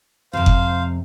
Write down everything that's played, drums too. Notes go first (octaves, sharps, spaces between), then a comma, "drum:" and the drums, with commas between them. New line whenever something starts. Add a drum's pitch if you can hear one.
F2 C3 C5 F5
drum: kick F#1